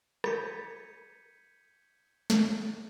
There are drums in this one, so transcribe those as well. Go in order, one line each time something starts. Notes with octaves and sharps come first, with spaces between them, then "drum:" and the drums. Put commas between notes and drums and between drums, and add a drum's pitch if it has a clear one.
G6 G#6 B6 C#7 D#7, drum: rim click
drum: snare